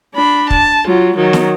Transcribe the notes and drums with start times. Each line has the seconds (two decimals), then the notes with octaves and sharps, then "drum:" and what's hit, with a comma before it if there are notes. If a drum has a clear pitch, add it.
0.14 D4 B5
0.50 A5, drum: kick
0.86 F#3 F4
1.17 D#3 F#3
1.33 drum: snare